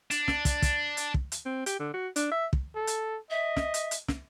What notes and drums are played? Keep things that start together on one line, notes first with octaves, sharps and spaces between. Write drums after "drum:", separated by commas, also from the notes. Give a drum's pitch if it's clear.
D4, drum: hi-hat
drum: snare
drum: kick, hi-hat
drum: kick, hi-hat
drum: hi-hat
drum: kick
drum: hi-hat
C4
G4, drum: hi-hat
D3
F#4
D4, drum: hi-hat
E5
drum: kick
A4
drum: hi-hat
D#5 E5
drum: snare
drum: hi-hat
drum: hi-hat
drum: snare